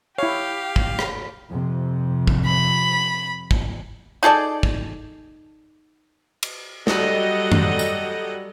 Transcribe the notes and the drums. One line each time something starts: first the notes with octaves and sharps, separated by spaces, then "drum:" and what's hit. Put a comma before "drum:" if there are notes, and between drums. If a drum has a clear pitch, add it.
E4 G4 C#5 F5
drum: kick
drum: rim click
F2 C3
drum: kick
B5
drum: kick
D#4 G#4 A4 D5
drum: kick
drum: cymbal
F#3 G3 A4 D#5 F#5, drum: snare
drum: tom F#2
drum: tambourine